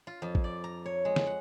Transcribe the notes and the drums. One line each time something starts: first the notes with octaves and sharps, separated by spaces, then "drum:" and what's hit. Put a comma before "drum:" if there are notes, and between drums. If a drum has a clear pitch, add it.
F4
F2
drum: kick A1
D5
A#5
C#5
G#3
drum: snare
F#5